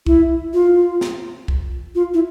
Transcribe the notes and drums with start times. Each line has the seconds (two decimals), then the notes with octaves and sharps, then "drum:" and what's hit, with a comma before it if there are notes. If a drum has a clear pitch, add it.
0.07 E4, drum: kick C2
0.54 F4
1.01 drum: snare
1.48 drum: kick C2
1.95 F4
2.14 E4